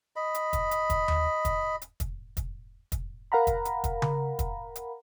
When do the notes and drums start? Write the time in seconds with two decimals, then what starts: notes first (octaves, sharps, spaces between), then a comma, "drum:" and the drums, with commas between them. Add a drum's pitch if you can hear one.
0.16 D#5 B5
0.35 drum: hi-hat
0.53 drum: kick, hi-hat
0.71 drum: hi-hat
0.90 drum: kick, hi-hat
1.08 drum: tom D#2
1.45 drum: kick, hi-hat
1.82 drum: hi-hat
2.00 drum: kick, hi-hat
2.37 drum: kick, hi-hat
2.92 drum: kick, hi-hat
3.32 A#4 F5 F#5 A#5 B5
3.47 drum: kick, hi-hat
3.65 drum: hi-hat
3.84 drum: kick, hi-hat
4.02 drum: tom C#3
4.39 drum: kick, hi-hat
4.76 drum: hi-hat